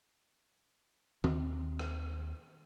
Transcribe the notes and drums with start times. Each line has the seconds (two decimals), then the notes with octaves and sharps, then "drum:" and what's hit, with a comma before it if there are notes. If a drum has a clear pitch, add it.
1.24 D#2 C4, drum: tom D#3
1.79 drum: rim click